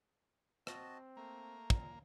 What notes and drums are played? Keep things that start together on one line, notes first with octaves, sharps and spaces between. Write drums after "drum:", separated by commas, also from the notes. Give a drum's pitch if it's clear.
C4 F#4 D#5 A5, drum: rim click
A3 A#3
A#2, drum: kick